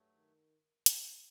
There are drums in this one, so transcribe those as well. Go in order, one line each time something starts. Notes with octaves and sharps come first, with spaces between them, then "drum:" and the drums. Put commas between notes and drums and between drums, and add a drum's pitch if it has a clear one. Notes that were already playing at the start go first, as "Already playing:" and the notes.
Already playing: G2 F#3 A3
D#3
drum: hi-hat